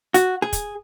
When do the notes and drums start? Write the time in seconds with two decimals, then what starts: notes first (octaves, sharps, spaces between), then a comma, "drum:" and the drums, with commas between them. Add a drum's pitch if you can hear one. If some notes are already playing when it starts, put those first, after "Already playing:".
0.14 F#4, drum: hi-hat
0.42 G#4
0.53 drum: kick, hi-hat